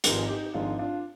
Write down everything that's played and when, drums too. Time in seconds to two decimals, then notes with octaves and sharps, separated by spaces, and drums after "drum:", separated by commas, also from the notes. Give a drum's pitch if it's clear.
0.04 G#1 G#2 F3 G#3 G4 A#4, drum: hi-hat
0.29 D#4 G4
0.53 G#1 G#2 F3 G#3 D4 F4
0.79 D4 F4